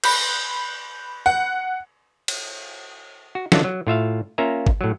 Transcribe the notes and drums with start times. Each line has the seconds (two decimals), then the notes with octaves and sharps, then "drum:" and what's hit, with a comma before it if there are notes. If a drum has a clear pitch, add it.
0.04 B5 F#6 G6, drum: cymbal
1.26 F#5
2.28 drum: cymbal
3.35 F#4
3.52 D3 E3 F#3 D4 F4 F#4, drum: snare
3.64 F#3
3.87 A2 F4 E5 F5
4.38 A#3 C#4 F4 E5 A#5
4.67 drum: kick G#1
4.81 A2 F#3